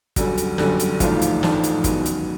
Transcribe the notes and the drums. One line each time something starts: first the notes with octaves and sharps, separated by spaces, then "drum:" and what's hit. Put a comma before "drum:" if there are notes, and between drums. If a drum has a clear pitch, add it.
G1 F#2 D3 G3 F#4, drum: kick, hi-hat
drum: hi-hat
G1 F#2 D3 G3 F#4, drum: snare
drum: hi-hat
A1 G#2 F3 A3 D4 F4, drum: kick, hi-hat
drum: hi-hat
A1 G#2 F3 A3 D4, drum: snare
drum: hi-hat
F#2 D#3 G#3 B3 F#4, drum: kick, hi-hat
drum: hi-hat